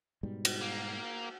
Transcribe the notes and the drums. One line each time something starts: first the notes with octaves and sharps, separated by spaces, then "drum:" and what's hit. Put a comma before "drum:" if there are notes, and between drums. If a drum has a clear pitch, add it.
G#2 B2 G3
drum: cymbal
A#3